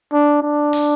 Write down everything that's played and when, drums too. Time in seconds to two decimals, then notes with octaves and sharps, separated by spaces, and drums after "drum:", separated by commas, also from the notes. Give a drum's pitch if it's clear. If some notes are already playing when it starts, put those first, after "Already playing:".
0.13 D4
0.42 D4
0.73 drum: open hi-hat